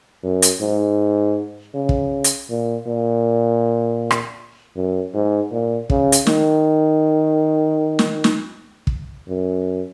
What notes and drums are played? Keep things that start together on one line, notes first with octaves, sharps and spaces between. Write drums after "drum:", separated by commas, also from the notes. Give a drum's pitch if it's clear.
F#2
drum: hi-hat
G#2
C#3
drum: kick
drum: hi-hat
A#2
A#2
drum: rim click
F#2
G#2
A#2
C#3, drum: kick
drum: hi-hat
D#3, drum: snare
drum: snare
drum: snare
drum: kick
F#2